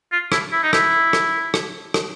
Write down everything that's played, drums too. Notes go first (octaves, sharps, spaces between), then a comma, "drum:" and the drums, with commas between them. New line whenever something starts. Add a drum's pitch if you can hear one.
F4
E4, drum: rim click
E4
D#4
E4, drum: rim click
drum: rim click
drum: rim click
drum: rim click